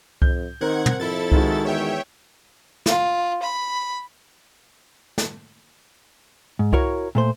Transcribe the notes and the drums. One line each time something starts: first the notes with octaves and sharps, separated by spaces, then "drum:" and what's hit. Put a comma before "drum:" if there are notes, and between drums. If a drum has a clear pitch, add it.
F2 G6, drum: kick C2
D#3 C4 A#4 F#5 G#6
drum: tom
F2 E4 A4 A6
D#3 G#3 F#4, drum: kick C2
E2 C#5 E5 G5
F4, drum: snare
B5
drum: snare
G#2
E4 F#4 A#4 C#5, drum: kick C2
A#2 A3 C5